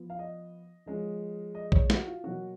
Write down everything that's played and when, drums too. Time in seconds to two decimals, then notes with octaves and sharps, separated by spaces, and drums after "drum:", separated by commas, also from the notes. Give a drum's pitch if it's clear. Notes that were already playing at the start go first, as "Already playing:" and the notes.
Already playing: F3 B3
0.10 F5
0.19 D#5
0.86 F3 G#3 C#4
1.55 D#5
1.72 C#5, drum: kick A#1
1.90 F#4, drum: snare
2.07 F4
2.24 B2 F#3 A#3 C#4 F#4